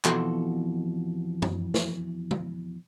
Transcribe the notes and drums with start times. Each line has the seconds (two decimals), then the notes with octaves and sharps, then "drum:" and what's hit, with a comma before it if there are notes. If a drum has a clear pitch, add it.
0.05 F2 B2 E3 F#4 A4 C6, drum: clap
1.42 drum: tom F#2
1.74 drum: snare
2.31 drum: tom